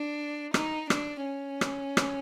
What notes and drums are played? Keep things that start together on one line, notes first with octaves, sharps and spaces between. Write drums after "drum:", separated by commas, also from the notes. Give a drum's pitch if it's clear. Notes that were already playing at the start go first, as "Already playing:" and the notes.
Already playing: D4
D#4, drum: rim click
D4, drum: rim click
C#4
drum: rim click
drum: rim click